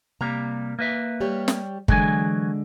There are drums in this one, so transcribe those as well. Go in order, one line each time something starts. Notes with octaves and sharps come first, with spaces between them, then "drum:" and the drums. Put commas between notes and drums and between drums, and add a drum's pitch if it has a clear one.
C3 G3 A#3 A#5
A#3 B4 E5
G3 G4 C#5
drum: snare
D3 E3 F#3 G#3 G#5, drum: kick